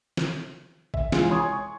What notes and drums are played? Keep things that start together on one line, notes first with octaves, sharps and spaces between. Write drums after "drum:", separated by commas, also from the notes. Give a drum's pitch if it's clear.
drum: snare
E5, drum: kick A1
C3 E3 G#3 F4 G#4, drum: snare
C#5 G#5 C6 C#6 D#6 G#6
C#6